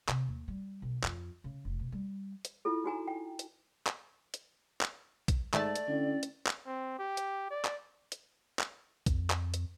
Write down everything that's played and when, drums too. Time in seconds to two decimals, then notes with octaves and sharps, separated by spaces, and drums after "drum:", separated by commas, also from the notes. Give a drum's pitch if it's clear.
0.08 C3, drum: clap
0.28 D#2
0.48 G3
0.82 B1
1.03 F2, drum: clap
1.44 C#3
1.65 F1
1.79 B2
1.92 G3
2.45 drum: hi-hat
2.65 E4 F4 A4
2.84 D#4 F#4 G#5 A#5
3.07 G5
3.39 drum: hi-hat
3.86 drum: clap
4.34 drum: hi-hat
4.81 drum: clap
5.28 drum: kick A#1, hi-hat
5.53 G#2 A3 D5 A5, drum: clap
5.76 drum: hi-hat
5.88 D3 C#4 E4 G5
6.23 drum: hi-hat
6.46 drum: clap
6.66 C4
6.99 G4
7.17 drum: hi-hat
7.51 D5
7.65 drum: clap
8.12 drum: hi-hat
8.59 drum: clap
9.06 F2, drum: kick A#1, hi-hat
9.30 drum: clap
9.54 drum: hi-hat